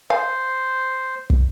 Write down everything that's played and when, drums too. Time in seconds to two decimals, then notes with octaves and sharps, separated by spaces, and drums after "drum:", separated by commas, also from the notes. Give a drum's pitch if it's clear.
0.10 C5 F5 G#5
1.30 drum: kick